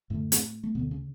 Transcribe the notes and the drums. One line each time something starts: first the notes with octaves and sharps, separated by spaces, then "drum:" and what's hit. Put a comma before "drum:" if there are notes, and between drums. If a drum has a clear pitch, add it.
F#2 A2 D3 A3
drum: hi-hat
A3
D2 B2 D3 B3
C#3 C#4